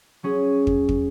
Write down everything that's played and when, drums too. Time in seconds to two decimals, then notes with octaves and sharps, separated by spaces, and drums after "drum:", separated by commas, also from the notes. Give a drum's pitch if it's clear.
0.23 F#3 C#4 G#4
0.67 drum: kick
0.89 drum: kick